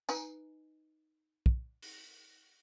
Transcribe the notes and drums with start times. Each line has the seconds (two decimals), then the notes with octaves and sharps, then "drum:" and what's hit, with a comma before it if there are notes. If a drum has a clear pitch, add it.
0.09 D#4 B4 G#5, drum: tambourine
1.46 drum: kick
1.82 drum: open hi-hat